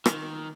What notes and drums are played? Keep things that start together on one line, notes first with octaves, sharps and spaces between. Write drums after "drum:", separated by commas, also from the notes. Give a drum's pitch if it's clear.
D#3, drum: rim click